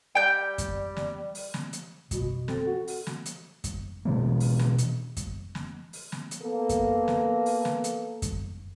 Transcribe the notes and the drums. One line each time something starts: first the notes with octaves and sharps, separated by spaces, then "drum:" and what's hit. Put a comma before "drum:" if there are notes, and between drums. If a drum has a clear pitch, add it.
G3 G5 G6
drum: kick F#2, hi-hat
drum: snare
drum: open hi-hat
drum: snare
drum: hi-hat
B2, drum: kick F#2, hi-hat
C4 A4, drum: snare
F#4
drum: open hi-hat
drum: snare
drum: hi-hat
drum: kick F#2, hi-hat
B2 E3 A#3
drum: open hi-hat
drum: snare
drum: hi-hat
drum: kick F#2, hi-hat
drum: snare
drum: open hi-hat
drum: snare
drum: hi-hat
A#3 B3 A4
drum: kick F#2, hi-hat
drum: snare
drum: open hi-hat
drum: snare
drum: hi-hat
drum: kick F#2, hi-hat